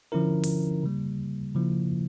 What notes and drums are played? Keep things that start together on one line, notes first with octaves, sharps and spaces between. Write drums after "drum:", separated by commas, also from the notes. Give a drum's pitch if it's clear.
D3 F3 C#4 E4 A#4
drum: open hi-hat
C#3 G3 A#3
C#3 F3 A#3 E4